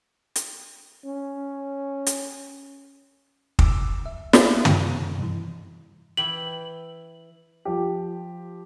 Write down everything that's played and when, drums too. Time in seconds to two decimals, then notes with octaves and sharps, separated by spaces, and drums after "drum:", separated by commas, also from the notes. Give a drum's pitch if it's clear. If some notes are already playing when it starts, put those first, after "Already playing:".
0.36 drum: hi-hat
1.05 C#4
2.06 drum: hi-hat
3.59 D2 D6 E6, drum: kick
4.06 E5
4.33 D#4 F#4 E5 F5 B5, drum: snare
4.65 D#3, drum: tom
5.19 G2 E3
6.17 E3 G5 B5 F#7
7.65 F3 G4